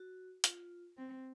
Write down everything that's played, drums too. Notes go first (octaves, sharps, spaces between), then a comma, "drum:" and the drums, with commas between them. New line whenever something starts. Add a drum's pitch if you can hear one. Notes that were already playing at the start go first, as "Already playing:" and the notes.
Already playing: F#4
F4, drum: hi-hat
C4